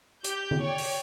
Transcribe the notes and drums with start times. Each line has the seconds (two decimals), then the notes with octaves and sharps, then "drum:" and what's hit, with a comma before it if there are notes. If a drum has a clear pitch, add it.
0.24 G4 G6, drum: hi-hat
0.51 drum: tom
0.63 C#5 D5 G5
0.78 drum: open hi-hat